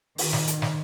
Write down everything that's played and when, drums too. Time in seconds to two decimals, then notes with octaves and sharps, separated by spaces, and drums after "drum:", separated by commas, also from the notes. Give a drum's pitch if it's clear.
0.18 D#3, drum: open hi-hat
0.33 drum: snare
0.47 drum: hi-hat
0.62 drum: snare